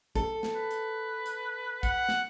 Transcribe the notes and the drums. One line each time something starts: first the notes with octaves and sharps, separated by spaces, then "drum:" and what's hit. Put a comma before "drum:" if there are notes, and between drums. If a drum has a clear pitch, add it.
A4, drum: kick, hi-hat
drum: snare
B4
drum: hi-hat
drum: hi-hat
F#5, drum: kick, hi-hat
drum: snare